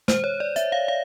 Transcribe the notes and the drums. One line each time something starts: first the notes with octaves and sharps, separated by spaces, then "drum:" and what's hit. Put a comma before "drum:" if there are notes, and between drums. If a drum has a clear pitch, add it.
C5, drum: snare
C#5
D5
E5, drum: hi-hat
F5
F5